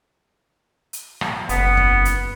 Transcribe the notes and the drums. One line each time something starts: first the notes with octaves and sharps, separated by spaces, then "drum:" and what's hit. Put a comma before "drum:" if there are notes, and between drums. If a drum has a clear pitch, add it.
drum: hi-hat
drum: rim click
F#1 B3, drum: hi-hat
drum: kick
drum: hi-hat